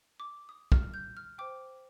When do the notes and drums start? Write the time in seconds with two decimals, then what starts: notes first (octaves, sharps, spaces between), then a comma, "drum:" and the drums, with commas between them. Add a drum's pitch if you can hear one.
0.20 D6
0.49 D#6
0.72 F6, drum: kick
0.94 G6
1.17 F6
1.38 C5 G5 D6